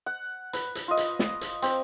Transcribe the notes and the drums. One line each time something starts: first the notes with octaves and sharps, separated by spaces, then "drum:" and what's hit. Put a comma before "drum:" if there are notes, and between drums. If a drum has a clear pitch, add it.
F#5
B4, drum: hi-hat
drum: hi-hat
F4 D#5
drum: hi-hat
drum: snare
drum: hi-hat
C4, drum: hi-hat